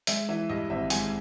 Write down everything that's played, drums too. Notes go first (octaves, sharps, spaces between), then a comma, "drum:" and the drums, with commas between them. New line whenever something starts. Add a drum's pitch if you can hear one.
G#3 E5, drum: hi-hat
E3 E5
G2 D#5
G#1 E5
G#3 G#5, drum: hi-hat